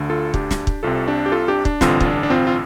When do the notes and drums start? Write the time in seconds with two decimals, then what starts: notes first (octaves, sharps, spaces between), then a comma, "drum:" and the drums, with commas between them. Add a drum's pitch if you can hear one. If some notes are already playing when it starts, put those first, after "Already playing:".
Already playing: D2 D3
0.10 F4 A4
0.34 D4 G4, drum: kick
0.51 drum: snare
0.67 drum: kick
0.83 C2 C3 F4 A4
1.08 D4 G4
1.26 G4
1.32 F4 A4
1.48 D4 G4
1.65 D4, drum: kick
1.81 A1 G2 D3 C4 F4, drum: snare
2.00 F4, drum: kick
2.06 D4
2.23 D4
2.30 C4 F4
2.47 F4